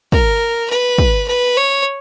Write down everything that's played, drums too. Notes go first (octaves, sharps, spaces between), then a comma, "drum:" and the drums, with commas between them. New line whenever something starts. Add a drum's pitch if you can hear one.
A#4, drum: kick
B4
drum: kick
B4
C#5